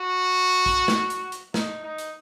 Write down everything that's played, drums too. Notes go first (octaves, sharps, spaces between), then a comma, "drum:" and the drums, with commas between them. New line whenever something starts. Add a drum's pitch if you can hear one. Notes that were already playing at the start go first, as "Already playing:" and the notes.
Already playing: F#4
drum: kick
drum: snare
drum: hi-hat
drum: hi-hat
D#4, drum: snare
D#4
drum: hi-hat